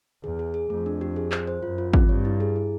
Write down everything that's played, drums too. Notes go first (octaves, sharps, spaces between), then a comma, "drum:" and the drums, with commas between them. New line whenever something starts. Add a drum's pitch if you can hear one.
E2 G#4
G#4
G#4
F2 A3
D4
G4
G#4
C5, drum: clap
C5
F#2 F4
F4
C4, drum: kick
G2 C#5
E4
G#4
E4